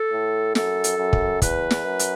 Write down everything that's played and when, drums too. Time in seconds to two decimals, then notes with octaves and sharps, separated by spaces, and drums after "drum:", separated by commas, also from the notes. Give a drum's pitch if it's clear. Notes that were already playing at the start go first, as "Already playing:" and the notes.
Already playing: A4
0.12 A2
0.55 F#2 A4, drum: snare
0.84 drum: hi-hat
0.98 F#2
1.13 drum: kick
1.42 E2 B4, drum: kick, hi-hat
1.71 drum: snare
1.85 F#2
1.99 drum: hi-hat